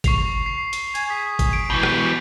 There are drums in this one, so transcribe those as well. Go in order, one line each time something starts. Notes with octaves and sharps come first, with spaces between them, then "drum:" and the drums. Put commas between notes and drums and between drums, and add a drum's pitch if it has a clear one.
C#6 C7 F7, drum: kick G#1, hi-hat
C7
drum: hi-hat
G#5, drum: hi-hat
G#4 B6
drum: kick G#1, hi-hat
D7
B2 E3 G4
drum: rim click